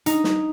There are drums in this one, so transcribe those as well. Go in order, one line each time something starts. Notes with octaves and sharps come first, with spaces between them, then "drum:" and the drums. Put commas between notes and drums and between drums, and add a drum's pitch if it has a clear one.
D#4, drum: hi-hat
drum: snare